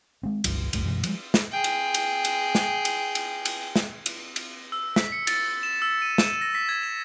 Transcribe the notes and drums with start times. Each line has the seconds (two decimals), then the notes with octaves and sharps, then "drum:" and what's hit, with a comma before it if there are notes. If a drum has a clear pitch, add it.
0.23 G#3 C4
0.44 G1 C#2 F#3, drum: cymbal
0.73 D1 C2 F#2 A3, drum: cymbal
0.85 F#2 B2 E3 G#3
1.03 F3 G3 G#3, drum: cymbal
1.34 drum: snare
1.51 G#4 G5
1.64 drum: cymbal
1.94 drum: cymbal
2.25 drum: cymbal
2.55 drum: snare
2.85 drum: cymbal
3.15 drum: cymbal
3.45 drum: cymbal
3.76 drum: snare
4.06 drum: cymbal
4.36 drum: cymbal
4.72 E6
4.96 B6, drum: snare
5.12 C#7
5.27 A6, drum: cymbal
5.63 E7
5.82 E6
6.02 D#7
6.18 E7, drum: snare
6.41 A#6
6.55 B6
6.69 G#6
6.83 E7